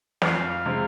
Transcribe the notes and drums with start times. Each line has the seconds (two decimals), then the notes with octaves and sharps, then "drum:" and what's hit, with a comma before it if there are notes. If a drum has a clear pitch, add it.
0.22 F2 F5, drum: snare
0.66 C3 G#3 C4